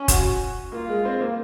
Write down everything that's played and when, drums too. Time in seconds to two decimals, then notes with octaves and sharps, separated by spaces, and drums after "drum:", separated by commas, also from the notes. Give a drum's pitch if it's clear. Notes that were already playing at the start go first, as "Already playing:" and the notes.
Already playing: C#4
0.08 F#4, drum: kick F1, hi-hat
0.72 A#3 F4
0.89 G#3
1.05 C4
1.21 A#3